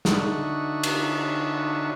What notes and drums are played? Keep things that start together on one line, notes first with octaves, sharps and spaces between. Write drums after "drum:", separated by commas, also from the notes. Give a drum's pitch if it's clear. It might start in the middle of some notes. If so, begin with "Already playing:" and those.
D3 D#4 F#4 E5 C#6, drum: snare
drum: cymbal